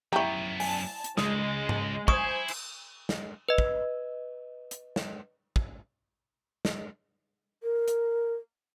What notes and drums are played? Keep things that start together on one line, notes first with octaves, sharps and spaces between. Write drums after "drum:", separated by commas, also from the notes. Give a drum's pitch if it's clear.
F#2 B3 E4 G4 A#5 C#6
G#5 A5, drum: open hi-hat
drum: hi-hat
C#2 G#3 D#6, drum: snare
drum: tom G#2
E4 C5 G#5 C#6 D#6, drum: kick
drum: cymbal
drum: snare
B4 D#5
drum: kick
drum: hi-hat
drum: snare
drum: kick
drum: snare
A#4
drum: hi-hat